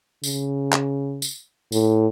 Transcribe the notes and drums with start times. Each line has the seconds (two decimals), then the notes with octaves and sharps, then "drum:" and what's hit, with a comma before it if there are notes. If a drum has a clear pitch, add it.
0.24 C#3, drum: tambourine
0.73 drum: clap
1.22 drum: tambourine
1.72 A2, drum: tambourine